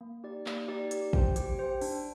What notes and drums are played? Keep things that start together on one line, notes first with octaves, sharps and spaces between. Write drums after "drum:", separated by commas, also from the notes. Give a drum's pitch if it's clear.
A#3
D#4 G4 D5
A#3, drum: clap
D#4 G4 D5
G4, drum: hi-hat
C5 G5, drum: kick
G4, drum: hi-hat
C5 G5
D4, drum: open hi-hat